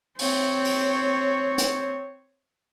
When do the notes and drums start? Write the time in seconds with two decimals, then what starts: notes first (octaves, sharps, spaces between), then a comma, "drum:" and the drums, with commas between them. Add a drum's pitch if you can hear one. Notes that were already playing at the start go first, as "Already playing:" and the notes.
0.19 C4 C#5, drum: open hi-hat
0.65 drum: open hi-hat
1.58 drum: hi-hat